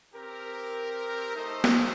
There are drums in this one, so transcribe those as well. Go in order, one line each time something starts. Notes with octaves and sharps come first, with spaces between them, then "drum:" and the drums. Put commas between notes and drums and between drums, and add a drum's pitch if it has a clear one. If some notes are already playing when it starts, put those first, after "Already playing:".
C4 G4 A#4
A3 D#4 A4 C5 D#5
drum: snare